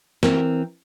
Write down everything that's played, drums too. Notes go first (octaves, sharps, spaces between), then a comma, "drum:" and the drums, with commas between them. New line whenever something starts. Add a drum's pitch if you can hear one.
E3 C4 A#4, drum: snare